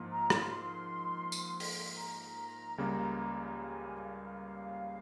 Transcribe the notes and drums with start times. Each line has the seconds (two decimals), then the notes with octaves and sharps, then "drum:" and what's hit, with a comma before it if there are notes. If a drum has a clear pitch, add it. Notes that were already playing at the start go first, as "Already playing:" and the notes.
Already playing: G#2 F3 A#3 F4
0.10 A#5
0.30 C6, drum: rim click
1.32 drum: tambourine
1.60 drum: open hi-hat
1.95 A#5
2.78 C#2 C#3 G3 A#3
3.60 G#5
4.02 F5